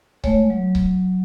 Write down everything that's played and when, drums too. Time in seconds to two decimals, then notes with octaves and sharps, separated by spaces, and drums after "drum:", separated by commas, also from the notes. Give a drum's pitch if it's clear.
0.24 G#3 A3 C#5, drum: kick C#1
0.50 F#3
0.75 drum: kick C#1